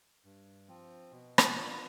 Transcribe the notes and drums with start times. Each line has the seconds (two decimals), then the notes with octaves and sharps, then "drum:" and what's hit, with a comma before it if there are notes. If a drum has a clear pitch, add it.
0.25 G2
0.68 F3 C4
1.12 B2
1.38 drum: rim click
1.56 B3 D4 F4